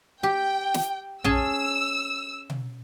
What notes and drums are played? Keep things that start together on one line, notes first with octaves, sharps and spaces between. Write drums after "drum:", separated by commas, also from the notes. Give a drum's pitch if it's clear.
G4 G5
drum: snare
C#4 G#4 A5 E6, drum: tom A#1
drum: tom B2